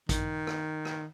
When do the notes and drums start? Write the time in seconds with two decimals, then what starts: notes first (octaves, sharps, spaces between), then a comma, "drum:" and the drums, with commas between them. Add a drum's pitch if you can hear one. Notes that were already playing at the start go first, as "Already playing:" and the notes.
0.09 D#3, drum: kick A1, hi-hat
0.47 drum: rim click
0.85 drum: rim click